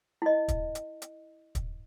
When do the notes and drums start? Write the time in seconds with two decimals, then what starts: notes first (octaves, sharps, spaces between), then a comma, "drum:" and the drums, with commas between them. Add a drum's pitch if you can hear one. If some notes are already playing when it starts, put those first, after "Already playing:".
0.22 E4 D#5
0.48 drum: kick, hi-hat
0.75 drum: hi-hat
1.02 drum: hi-hat
1.55 drum: kick, hi-hat